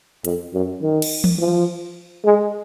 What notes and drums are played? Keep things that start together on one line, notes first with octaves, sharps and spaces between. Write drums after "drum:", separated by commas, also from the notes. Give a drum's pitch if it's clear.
F2, drum: hi-hat
F#2
D#3
drum: cymbal
drum: tom E3
F3
G#3